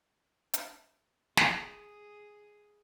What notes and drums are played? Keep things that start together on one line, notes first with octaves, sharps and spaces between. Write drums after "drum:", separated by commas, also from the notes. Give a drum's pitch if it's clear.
drum: hi-hat
G#4, drum: snare